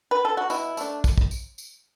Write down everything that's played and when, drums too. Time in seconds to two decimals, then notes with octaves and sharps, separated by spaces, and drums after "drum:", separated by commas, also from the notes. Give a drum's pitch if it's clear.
0.11 B4
0.25 A4
0.37 F#4
0.50 B2 E4, drum: tambourine
0.77 A3 D4, drum: tambourine
1.04 drum: kick, tambourine
1.18 drum: kick
1.31 drum: tambourine
1.58 drum: tambourine